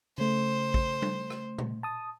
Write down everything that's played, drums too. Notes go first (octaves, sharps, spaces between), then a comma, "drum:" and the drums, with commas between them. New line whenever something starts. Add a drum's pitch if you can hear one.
C#3 A3 C5
drum: kick
drum: tom G3
drum: rim click
drum: tom A#2
A5 D#6